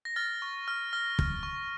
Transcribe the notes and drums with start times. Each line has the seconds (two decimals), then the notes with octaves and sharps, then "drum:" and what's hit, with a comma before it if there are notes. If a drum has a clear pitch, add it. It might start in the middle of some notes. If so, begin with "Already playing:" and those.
0.05 A#6
0.16 F6 A6
0.42 C#6
0.68 F6
0.93 F6 A#6
1.19 F6, drum: kick
1.43 C#6